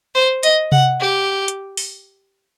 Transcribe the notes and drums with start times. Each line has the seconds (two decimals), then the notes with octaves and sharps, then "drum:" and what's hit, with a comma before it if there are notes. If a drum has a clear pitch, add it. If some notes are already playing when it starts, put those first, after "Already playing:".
0.15 C5
0.43 D#5, drum: hi-hat
0.72 F#5, drum: tom C3
1.00 G4
1.48 drum: hi-hat
1.77 drum: open hi-hat